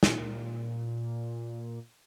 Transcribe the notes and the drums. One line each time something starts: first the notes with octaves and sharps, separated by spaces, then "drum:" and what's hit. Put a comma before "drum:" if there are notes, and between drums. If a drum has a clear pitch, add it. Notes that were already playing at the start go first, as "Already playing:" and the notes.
A#2, drum: snare